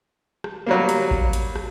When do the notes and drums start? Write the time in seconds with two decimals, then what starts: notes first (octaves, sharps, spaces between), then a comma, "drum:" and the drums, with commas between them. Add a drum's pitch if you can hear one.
0.44 drum: rim click
0.66 F#3 G3 A#3
0.89 drum: hi-hat
1.11 drum: kick A1
1.33 drum: hi-hat
1.56 drum: rim click